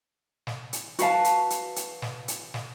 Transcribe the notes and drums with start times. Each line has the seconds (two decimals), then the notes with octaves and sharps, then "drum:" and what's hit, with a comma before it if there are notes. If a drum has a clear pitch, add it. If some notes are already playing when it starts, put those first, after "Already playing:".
0.47 drum: snare
0.73 drum: hi-hat
0.99 F#4 B4 F5 A5, drum: hi-hat
1.24 drum: hi-hat
1.50 drum: hi-hat
1.76 drum: hi-hat
2.02 drum: snare
2.28 drum: hi-hat
2.54 drum: snare